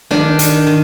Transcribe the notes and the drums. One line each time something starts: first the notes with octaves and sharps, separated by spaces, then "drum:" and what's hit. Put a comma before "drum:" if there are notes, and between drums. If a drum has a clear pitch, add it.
D#3 D4, drum: snare
D#3, drum: hi-hat
D#3